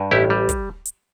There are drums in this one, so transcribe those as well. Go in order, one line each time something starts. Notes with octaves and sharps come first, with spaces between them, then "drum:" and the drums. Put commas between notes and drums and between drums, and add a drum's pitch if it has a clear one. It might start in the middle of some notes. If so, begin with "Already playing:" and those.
Already playing: G2
A1 E4 G4
G3
drum: kick, hi-hat
drum: hi-hat